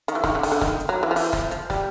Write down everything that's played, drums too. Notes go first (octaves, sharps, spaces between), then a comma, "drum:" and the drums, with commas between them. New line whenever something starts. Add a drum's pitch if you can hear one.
D#3, drum: hi-hat
E3
D#3, drum: snare
D3
D#3, drum: open hi-hat
D3
D#3, drum: snare
drum: hi-hat
F#3
E3
F3
E3, drum: open hi-hat
F3, drum: snare
F3, drum: hi-hat
G3, drum: snare